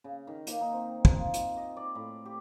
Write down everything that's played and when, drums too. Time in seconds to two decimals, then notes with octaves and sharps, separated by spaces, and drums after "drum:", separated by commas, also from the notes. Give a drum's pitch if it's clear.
0.04 C#3
0.27 D#3
0.47 A#3, drum: hi-hat
0.61 D#4
0.73 C4
1.05 drum: kick
1.14 F4
1.34 drum: hi-hat
1.57 D#5
1.77 D5
1.95 A2
2.25 G4